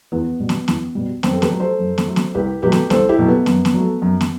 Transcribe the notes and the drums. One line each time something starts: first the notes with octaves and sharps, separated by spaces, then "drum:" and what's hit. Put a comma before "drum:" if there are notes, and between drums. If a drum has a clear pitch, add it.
E2 B3
B2 G3
drum: snare
E2, drum: snare
B2 G3
F#2 C4, drum: snare
A4
G4 B4, drum: snare
F#3 A3
A4 C5
F#2
drum: snare
F#3 A3
drum: snare
C2 G4 B4
B2 F#3 A3 G4 B4
drum: snare
C2 A4 C5, drum: snare
E4 G4
B2 F#3 A3
B3
F#2, drum: snare
drum: snare
F#3 A3
F#2
drum: snare